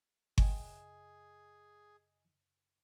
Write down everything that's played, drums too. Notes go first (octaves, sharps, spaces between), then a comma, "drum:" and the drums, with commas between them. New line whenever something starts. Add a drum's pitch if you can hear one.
F#2 C#3 G#4 D#5 G5 G#5, drum: kick G1